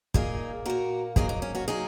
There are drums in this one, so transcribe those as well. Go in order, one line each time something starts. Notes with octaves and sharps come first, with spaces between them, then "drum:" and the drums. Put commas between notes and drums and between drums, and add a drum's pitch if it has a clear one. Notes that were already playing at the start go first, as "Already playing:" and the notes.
A#2 A#3 D#4 G#4, drum: kick
A#2 A#3 F#4 A#4
G#2 F#3 A#3 D#4 G#4, drum: kick
D#4
C#4
C#4 F#4
F#3 A#3 D#4 G#4